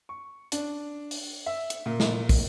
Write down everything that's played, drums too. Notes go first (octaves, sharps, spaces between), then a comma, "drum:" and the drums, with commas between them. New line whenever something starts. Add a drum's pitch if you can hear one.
C#6
D4, drum: hi-hat
drum: open hi-hat
E5
drum: hi-hat
A#2
drum: snare
drum: kick, open hi-hat